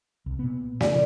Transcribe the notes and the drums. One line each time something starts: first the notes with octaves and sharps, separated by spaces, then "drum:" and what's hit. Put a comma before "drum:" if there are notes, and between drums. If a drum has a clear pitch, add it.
C2
A#2 B3
A#2 C#3 F3 D5, drum: snare